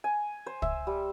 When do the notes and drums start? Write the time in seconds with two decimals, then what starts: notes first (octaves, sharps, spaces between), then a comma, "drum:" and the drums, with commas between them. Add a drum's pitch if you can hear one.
0.04 G#5
0.46 C5
0.62 E5, drum: kick
0.87 G3